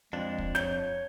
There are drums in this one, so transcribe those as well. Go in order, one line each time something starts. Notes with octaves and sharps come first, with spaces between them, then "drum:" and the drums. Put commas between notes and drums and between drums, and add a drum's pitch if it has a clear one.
F2 G#3 D4
drum: kick
C#5 G6, drum: snare